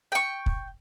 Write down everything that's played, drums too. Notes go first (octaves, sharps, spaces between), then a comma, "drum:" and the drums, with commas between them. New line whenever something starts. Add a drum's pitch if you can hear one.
G5 C#6
drum: kick